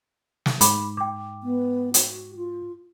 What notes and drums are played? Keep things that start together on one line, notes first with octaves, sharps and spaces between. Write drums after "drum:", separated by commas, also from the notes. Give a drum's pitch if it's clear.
drum: snare
G#2 B5 D6, drum: hi-hat
G5 D6
B3
F#4, drum: hi-hat
F4